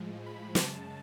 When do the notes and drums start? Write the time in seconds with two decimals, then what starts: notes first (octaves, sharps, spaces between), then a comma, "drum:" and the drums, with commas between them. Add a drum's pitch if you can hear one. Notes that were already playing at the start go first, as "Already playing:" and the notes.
Already playing: A2 F3 G#3
0.26 B5
0.55 F#2 C#3 G#3 A5, drum: snare